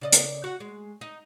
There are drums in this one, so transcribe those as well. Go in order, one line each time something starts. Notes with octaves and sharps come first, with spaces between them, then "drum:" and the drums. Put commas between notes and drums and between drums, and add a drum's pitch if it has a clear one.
C#3 D5 D#5
drum: hi-hat
F#4
G#3
D#4